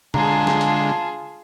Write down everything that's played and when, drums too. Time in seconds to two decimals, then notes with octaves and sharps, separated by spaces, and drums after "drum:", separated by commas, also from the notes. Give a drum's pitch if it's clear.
0.14 D3 G#3 F4 G#4 A5 A#5, drum: tom
0.47 drum: snare
0.61 drum: hi-hat